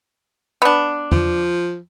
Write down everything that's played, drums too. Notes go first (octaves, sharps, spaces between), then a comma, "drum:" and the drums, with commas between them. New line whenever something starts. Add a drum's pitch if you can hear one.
B3 D4
F3, drum: tom E2